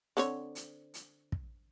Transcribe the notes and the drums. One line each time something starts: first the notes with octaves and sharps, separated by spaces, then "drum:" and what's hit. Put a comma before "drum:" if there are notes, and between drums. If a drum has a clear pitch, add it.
D3 C4 C#5, drum: hi-hat
drum: hi-hat
drum: hi-hat
drum: kick